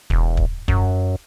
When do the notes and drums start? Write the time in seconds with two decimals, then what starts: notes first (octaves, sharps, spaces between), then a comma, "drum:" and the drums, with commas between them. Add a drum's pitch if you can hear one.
0.10 E1, drum: kick
0.37 drum: kick
0.68 F#2, drum: kick